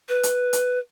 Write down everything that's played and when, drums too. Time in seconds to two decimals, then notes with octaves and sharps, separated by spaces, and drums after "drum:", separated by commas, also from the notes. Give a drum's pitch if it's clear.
0.09 B4
0.23 drum: hi-hat
0.53 drum: hi-hat